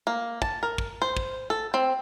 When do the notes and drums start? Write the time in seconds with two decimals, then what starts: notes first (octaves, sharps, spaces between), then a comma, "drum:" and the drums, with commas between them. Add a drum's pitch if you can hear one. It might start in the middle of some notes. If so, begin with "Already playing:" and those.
0.07 A#3
0.42 A5, drum: kick
0.63 A#4
0.78 drum: kick
1.02 C5
1.17 drum: kick
1.50 A4
1.74 C4